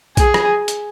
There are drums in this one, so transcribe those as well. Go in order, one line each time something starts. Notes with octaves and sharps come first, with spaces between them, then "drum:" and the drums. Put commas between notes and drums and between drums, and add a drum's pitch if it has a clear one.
G#4, drum: kick A#1, hi-hat
drum: rim click
drum: hi-hat